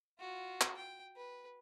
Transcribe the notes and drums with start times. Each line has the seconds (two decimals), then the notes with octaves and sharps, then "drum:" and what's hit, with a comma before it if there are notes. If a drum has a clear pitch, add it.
0.19 F4 F#4
0.61 drum: clap
0.77 G5
1.16 B4